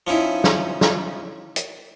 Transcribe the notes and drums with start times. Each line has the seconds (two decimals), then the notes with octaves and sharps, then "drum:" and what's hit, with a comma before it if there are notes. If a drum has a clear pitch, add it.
0.07 F3 C#4 D#4 E4
0.44 drum: snare
0.81 drum: snare
1.56 drum: hi-hat